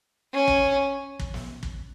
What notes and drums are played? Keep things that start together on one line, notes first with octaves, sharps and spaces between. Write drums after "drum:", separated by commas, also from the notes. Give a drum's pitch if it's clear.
C#4
drum: kick
drum: kick
drum: snare
drum: kick